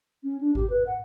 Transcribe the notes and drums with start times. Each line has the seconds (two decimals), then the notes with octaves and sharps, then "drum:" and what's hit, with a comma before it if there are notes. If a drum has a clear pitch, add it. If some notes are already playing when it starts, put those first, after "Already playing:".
0.24 C#4
0.41 D4
0.55 G4, drum: kick G#1
0.70 B4
0.87 F#5